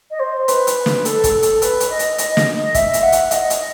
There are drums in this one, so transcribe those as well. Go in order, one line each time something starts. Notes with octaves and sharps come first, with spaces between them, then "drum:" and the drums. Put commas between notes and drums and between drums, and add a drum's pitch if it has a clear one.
D#5
C5
B4, drum: hi-hat
drum: hi-hat
drum: snare
A4, drum: hi-hat
drum: kick, hi-hat
A4
drum: hi-hat
B4, drum: hi-hat
drum: hi-hat
D#5
drum: hi-hat
D#5, drum: hi-hat
drum: snare
E5, drum: kick, hi-hat
drum: hi-hat
F#5
drum: hi-hat
D#5, drum: hi-hat
drum: hi-hat